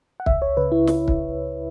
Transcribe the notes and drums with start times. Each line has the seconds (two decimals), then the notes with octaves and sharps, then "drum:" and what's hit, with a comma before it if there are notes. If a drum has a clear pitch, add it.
0.20 F#5
0.26 C#2 E5, drum: kick
0.42 C#5
0.57 C#3 B4
0.72 E4
0.87 drum: snare
1.08 drum: kick